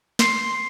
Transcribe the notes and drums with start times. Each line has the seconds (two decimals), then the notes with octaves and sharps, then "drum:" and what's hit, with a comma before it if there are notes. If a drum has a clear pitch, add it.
0.19 C6, drum: snare